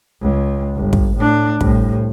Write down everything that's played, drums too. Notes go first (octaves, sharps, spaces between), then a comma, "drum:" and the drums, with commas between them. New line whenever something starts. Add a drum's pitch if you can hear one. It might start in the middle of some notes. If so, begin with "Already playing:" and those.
C#2
G1
drum: kick
A2 D4
C2 A2, drum: kick